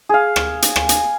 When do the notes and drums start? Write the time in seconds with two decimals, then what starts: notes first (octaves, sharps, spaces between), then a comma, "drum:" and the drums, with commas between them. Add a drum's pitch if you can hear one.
0.09 G#4 F5
0.36 drum: rim click
0.62 drum: hi-hat
0.76 drum: rim click
0.89 drum: hi-hat